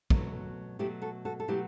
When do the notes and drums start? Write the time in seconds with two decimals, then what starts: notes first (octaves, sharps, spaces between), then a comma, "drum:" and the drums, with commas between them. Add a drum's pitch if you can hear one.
0.10 B2 F#3 A3, drum: kick
0.79 B2 F#3 A3 E4 G4
1.02 F#4 A4
1.25 F#4 A4
1.40 A4
1.48 B2 F#3 A3 E4 G4